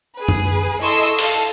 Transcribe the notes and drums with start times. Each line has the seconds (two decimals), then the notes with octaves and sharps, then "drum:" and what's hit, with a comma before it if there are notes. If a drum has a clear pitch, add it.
0.16 G#4 B4
0.28 drum: tom F#2
0.82 E4 A4 D#5 C6 C#6 E6
1.19 A4 F5, drum: open hi-hat